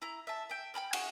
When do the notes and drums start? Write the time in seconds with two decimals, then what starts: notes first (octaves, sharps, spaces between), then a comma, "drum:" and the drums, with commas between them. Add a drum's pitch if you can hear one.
0.02 E4 A#5
0.27 E5 A5
0.49 E5 G5
0.74 G5 A#5 B5 F6
0.93 G#4 F#5 C#6, drum: cymbal